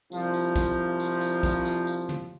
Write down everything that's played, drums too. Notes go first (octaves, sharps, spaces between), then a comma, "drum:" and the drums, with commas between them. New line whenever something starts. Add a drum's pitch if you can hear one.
C2 F3, drum: tambourine
drum: tambourine
drum: kick, tambourine
drum: tambourine
drum: tambourine
drum: kick, tambourine
drum: tambourine
drum: tambourine
drum: tom